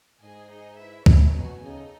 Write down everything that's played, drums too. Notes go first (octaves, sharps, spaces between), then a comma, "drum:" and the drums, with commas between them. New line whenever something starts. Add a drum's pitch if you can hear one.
G#2 G#4 D#5 G#5
D#4 G#4 D#5
E4 B4 E5
C#4 E4 A4 C#5, drum: kick
B2 B3 D#4 F#4 C#5 G#5
C#3 D#4 A4 D#5